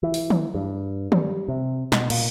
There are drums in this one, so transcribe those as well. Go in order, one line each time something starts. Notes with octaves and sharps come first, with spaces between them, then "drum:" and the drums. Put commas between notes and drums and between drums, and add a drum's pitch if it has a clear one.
E3
drum: open hi-hat
drum: tom
G2
G3, drum: tom
C3
B2, drum: snare
A#2, drum: cymbal